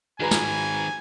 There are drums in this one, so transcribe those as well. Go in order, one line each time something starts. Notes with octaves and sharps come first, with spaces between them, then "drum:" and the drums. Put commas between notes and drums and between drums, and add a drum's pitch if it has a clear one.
D#3 G#3 F#4 B4 G#5 A#5
drum: snare